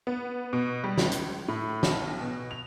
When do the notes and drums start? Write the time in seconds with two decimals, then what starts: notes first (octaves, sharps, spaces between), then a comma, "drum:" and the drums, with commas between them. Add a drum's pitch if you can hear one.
0.07 B3
0.53 B2
0.84 G3
0.98 C#2, drum: snare
1.12 drum: hi-hat
1.48 A2
1.83 B1, drum: snare
2.21 B2
2.51 F7